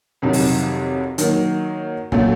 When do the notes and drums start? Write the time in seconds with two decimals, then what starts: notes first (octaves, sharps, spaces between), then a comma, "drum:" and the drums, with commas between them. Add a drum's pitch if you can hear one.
0.22 F2 C3 D#3 F#3
0.33 drum: open hi-hat
1.18 D#3 F#3 A#3, drum: hi-hat
2.12 A#2 F#3 A3, drum: kick